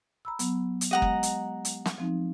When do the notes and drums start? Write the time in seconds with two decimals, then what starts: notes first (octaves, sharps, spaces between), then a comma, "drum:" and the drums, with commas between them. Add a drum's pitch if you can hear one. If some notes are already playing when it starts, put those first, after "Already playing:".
0.25 A#5 B5 E6
0.39 F#3 B3, drum: hi-hat
0.81 drum: hi-hat
0.91 G#3 G4 D#5 F#5 A#5
1.02 drum: kick F#1
1.23 drum: hi-hat
1.65 drum: hi-hat
1.86 drum: snare
1.98 F3 C4 D#4